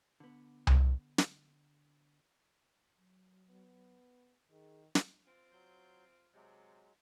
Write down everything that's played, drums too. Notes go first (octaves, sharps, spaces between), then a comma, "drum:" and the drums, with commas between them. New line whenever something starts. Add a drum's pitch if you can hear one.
D3 B3
drum: tom C2
drum: snare
F#3
B3
D#3 G#4
drum: snare
C4 F4
F#3 G6
C3 F#3 G#3